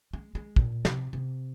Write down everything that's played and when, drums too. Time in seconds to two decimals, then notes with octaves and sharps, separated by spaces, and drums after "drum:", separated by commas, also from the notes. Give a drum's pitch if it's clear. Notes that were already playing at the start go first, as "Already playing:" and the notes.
0.13 G#3
0.35 G#3
0.56 A#2, drum: kick
0.85 C3, drum: snare
1.13 C3